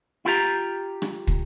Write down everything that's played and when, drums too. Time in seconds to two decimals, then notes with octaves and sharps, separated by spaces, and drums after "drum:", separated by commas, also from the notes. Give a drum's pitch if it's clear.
0.25 E4 F4 G4 A#5
1.02 drum: rim click
1.27 drum: kick